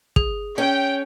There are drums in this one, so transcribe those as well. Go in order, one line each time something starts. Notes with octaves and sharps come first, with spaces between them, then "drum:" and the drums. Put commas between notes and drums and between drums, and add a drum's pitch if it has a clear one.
G#4, drum: kick
C#4 G5